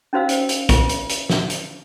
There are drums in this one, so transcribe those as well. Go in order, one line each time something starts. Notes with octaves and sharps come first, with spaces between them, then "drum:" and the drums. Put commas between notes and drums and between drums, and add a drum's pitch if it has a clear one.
C#4 D#4 F#4 C5 F5 E6
drum: hi-hat
drum: hi-hat
F4, drum: kick, hi-hat
drum: hi-hat
drum: hi-hat
drum: snare
drum: hi-hat